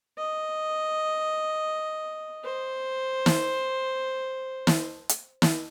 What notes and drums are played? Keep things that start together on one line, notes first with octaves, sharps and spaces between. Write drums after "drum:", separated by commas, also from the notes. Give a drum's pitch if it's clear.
D#5
C5
drum: snare
drum: snare
drum: hi-hat
drum: snare